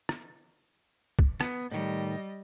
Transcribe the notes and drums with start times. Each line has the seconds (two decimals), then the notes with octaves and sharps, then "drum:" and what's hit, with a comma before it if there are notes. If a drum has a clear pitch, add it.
0.09 drum: rim click
1.19 drum: kick
1.41 B3, drum: rim click
1.71 A2 D#3 G3 D#5